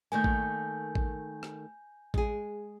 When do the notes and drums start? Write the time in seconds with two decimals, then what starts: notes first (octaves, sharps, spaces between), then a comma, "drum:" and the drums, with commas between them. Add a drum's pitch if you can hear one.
0.12 D#3 A3 A#3 G#5 G6
0.24 drum: kick A1
0.95 drum: kick A1
1.43 drum: rim click
2.14 G#3 G#4, drum: kick A1